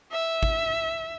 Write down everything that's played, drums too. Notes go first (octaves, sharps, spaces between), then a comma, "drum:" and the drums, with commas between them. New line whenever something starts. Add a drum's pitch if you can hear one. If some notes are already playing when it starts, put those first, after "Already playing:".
E5
drum: kick G#1